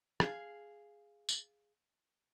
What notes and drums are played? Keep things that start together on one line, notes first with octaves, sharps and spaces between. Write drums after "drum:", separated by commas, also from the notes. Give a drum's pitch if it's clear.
G#4 F5, drum: rim click
drum: tambourine